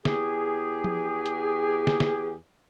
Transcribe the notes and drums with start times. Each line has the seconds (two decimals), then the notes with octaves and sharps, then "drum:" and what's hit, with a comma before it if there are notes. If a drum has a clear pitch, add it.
0.05 E2 G4 G#4, drum: snare
0.84 drum: tom F3
1.26 drum: hi-hat
1.87 drum: snare
2.00 drum: snare